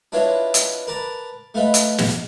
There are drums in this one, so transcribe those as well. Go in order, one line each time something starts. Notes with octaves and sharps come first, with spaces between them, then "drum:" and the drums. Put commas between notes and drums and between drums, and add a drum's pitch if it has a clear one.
D4 E4 F4 B4 C#5 D#5
drum: hi-hat
A#4 B4 D5 A5 A#5
A3 F4 B4 D#5 B5
drum: hi-hat
drum: snare